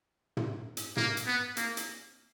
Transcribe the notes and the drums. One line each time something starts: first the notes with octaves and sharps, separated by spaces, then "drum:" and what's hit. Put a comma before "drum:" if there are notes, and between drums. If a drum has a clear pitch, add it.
drum: tom
drum: hi-hat
A#3, drum: tom
drum: hi-hat
B3
A#3, drum: hi-hat
drum: hi-hat